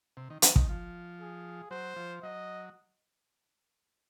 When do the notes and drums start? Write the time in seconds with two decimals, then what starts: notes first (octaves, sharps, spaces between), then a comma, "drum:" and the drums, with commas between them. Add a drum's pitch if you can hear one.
0.17 C3
0.30 D#3
0.42 D#3, drum: hi-hat
0.56 D#3, drum: kick
0.69 F3
1.20 G#4
1.71 F#3 C5
1.96 F3
2.23 F#3 D#5